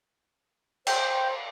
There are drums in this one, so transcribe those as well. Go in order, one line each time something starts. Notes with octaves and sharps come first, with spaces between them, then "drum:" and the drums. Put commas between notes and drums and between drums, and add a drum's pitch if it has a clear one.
C5 G5, drum: cymbal